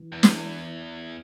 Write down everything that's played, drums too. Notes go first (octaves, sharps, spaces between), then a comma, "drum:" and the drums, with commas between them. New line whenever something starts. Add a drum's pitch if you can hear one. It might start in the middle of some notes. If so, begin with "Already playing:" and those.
Already playing: E3
E2
drum: snare